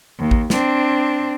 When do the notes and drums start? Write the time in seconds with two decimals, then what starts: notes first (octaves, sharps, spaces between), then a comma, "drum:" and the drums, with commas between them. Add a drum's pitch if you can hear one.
0.18 D#2
0.31 drum: kick A1
0.50 C4 D4, drum: snare